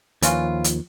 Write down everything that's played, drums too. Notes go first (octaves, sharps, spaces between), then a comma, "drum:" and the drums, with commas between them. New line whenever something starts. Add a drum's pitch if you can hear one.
D#2 E3 F3 C#4 F4, drum: hi-hat
drum: hi-hat